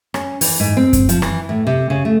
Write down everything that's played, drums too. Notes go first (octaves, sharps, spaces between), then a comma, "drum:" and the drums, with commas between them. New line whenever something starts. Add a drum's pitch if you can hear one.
C#4, drum: rim click
E3, drum: open hi-hat
G#2
C4
drum: kick F#2, hi-hat
F3, drum: hi-hat
E3, drum: rim click
A2
C3
C#3
A3